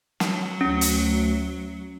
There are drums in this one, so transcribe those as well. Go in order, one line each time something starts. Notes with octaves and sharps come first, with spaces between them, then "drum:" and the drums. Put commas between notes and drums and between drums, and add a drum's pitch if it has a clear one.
F#3, drum: snare
D2 C#4
drum: hi-hat